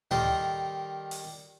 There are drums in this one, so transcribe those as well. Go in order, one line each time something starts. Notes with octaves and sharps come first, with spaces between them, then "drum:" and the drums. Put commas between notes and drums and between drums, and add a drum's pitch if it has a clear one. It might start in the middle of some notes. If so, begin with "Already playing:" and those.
D#3 G3 D#4 A4 A#4 C6, drum: tom A2
drum: open hi-hat